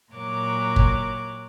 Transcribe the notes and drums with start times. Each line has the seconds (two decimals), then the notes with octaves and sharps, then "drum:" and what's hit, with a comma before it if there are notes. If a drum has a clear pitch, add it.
0.13 A#2 F#3 C#5 D6 F#6
0.76 drum: kick G1